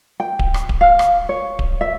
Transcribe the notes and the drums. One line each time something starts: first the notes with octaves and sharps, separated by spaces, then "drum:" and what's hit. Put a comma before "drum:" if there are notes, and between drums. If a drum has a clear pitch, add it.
G5
drum: kick D1
drum: rim click
drum: kick D1
F5
drum: rim click
C#5
drum: kick D1
E5